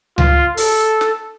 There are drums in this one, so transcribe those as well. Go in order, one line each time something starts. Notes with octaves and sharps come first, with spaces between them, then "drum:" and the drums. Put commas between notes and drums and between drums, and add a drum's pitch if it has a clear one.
F4, drum: tom C#2
A4, drum: open hi-hat
drum: snare